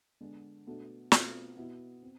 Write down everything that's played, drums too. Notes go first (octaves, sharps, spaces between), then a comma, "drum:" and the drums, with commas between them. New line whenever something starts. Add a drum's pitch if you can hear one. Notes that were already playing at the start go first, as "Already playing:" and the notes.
D3 G#3 B3 D4
B2 A3 D4
B2 A3 C4 F4, drum: snare
B2 B3 E4
C4